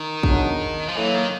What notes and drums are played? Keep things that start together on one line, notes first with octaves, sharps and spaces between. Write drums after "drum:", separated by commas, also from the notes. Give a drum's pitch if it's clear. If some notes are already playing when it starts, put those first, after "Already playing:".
Already playing: D#3
C#3 F#3 B3 D4, drum: kick
F3
A2 E3 F#3 A#3
D#3